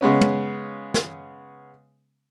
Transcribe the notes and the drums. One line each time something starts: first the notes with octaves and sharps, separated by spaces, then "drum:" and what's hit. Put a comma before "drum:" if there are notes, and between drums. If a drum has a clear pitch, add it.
C#3 G#3 B3 C#4
drum: tom
drum: snare